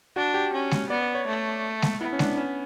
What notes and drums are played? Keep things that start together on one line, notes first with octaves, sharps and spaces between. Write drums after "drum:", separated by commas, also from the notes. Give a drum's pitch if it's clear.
D4 F#4
G4
C#4
drum: snare G#3
B3 D5
D5
C#5
A3
drum: snare G#3
B3 E4
C#4
D4, drum: snare G#3
C#4